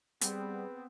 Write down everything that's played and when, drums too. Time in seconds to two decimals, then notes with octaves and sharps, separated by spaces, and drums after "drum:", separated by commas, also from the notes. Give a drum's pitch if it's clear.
0.21 G3 B3 C4 G#4, drum: hi-hat